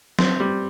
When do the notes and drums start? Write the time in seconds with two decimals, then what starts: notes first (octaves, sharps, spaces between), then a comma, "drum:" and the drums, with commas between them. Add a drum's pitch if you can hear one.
0.19 C4, drum: snare
0.40 G3